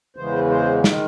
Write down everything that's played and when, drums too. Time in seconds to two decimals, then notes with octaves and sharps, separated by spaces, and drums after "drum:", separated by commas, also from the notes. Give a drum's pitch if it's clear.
0.16 E2 C#3 E3 G#3 C5
0.50 C5
0.84 D#3 G#3, drum: snare